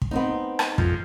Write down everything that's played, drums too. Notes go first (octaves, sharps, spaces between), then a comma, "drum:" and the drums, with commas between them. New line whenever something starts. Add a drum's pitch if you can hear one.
drum: kick
B3 C4 D#4
drum: rim click
F2, drum: kick